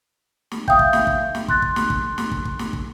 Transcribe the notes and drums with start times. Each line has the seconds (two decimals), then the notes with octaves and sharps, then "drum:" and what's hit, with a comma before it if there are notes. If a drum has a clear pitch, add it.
0.51 drum: snare
0.68 E5 F5 G5 D#6 G6, drum: kick
0.79 drum: kick
0.93 drum: snare
1.07 drum: kick
1.35 drum: snare
1.48 C6 F#6 A6, drum: kick
1.62 drum: kick
1.76 drum: snare
1.90 drum: kick
2.18 drum: snare
2.32 drum: kick
2.45 drum: kick
2.59 drum: snare
2.73 drum: kick